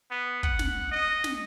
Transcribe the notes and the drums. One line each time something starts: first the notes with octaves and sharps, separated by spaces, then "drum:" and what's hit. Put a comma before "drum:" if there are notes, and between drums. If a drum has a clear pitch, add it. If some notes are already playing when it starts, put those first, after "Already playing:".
B3
F#5, drum: kick
drum: snare
D#5
drum: snare